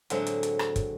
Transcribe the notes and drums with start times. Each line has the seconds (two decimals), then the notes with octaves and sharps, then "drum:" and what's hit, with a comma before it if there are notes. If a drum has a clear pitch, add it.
0.10 A2 D3 F#3 G#3 C4 F#4, drum: hi-hat
0.27 drum: hi-hat
0.43 drum: hi-hat
0.59 drum: rim click
0.76 drum: kick, hi-hat